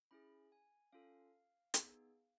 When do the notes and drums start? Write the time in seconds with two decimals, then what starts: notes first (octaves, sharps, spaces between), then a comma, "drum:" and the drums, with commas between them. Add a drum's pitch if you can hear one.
0.11 C#4 E4 G#4 B5
0.52 G#5
0.92 C#4 F4 A4 F5
1.74 B3 D#4 G#4, drum: hi-hat